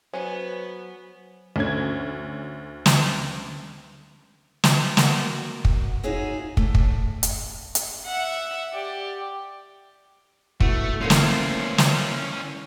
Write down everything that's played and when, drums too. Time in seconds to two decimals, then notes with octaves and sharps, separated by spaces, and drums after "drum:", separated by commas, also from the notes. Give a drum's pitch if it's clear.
0.14 F#3 B3 C#4 C5
1.56 D2 C#4 G#6
2.86 drum: snare
4.64 drum: snare
4.97 A#3 F#4 D5, drum: snare
5.65 drum: kick
6.03 D#4 F4 F#4 G#4 C#5 E5
6.57 A3, drum: kick
6.75 drum: kick
7.23 drum: hi-hat
7.75 drum: hi-hat
8.06 E5 F#5
8.73 G4 D5
10.60 A3 B3 E4 F#4, drum: kick
11.01 E3 A3 A#3 C#4 C5
11.10 drum: snare
11.78 drum: snare